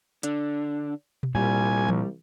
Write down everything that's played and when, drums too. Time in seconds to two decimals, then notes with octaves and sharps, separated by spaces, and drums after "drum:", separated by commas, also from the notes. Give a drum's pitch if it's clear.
0.23 D3 D4, drum: hi-hat
1.23 drum: tom B2
1.35 C2 A#2 G3 G#5
1.89 drum: tom E3